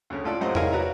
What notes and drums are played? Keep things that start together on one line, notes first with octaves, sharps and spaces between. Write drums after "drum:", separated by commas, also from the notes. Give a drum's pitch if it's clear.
D2 C#3
A2 F4 A4 D5
F#2 A2 C3 C5 D#5 F#5
E4 G#4 A#4 C#5 D#5 F5, drum: tom E2
F#4 B4 C#5 D5 F5 A#5